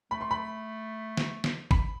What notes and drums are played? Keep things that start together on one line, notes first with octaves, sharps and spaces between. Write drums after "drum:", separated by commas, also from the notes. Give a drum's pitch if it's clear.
A3 B5
C6
B5
drum: snare
drum: snare
B5, drum: kick